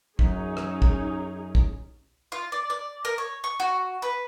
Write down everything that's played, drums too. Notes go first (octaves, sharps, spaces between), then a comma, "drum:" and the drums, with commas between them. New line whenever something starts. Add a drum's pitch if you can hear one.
F#2 C#4 D#4 G#4, drum: kick
drum: rim click
drum: kick
drum: kick
F4
D5
D5
A#4
C#5
C#6
F#4
B4